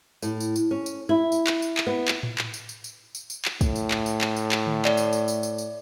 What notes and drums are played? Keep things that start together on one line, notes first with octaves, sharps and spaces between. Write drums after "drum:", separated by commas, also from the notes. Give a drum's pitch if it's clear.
A2, drum: tambourine
drum: tambourine
drum: tambourine
C#4
drum: tambourine
E4
drum: tambourine
drum: clap
drum: tambourine
drum: clap
B3
drum: clap
drum: tom A2
drum: clap
drum: tambourine
drum: tambourine
drum: tambourine
drum: tambourine
drum: tambourine
drum: clap
A2, drum: kick, tambourine
drum: tambourine
drum: clap
drum: tambourine
drum: clap
drum: tambourine
drum: clap
drum: tom D3
D5, drum: clap
drum: tambourine
drum: tambourine
drum: tambourine
drum: tambourine
drum: tambourine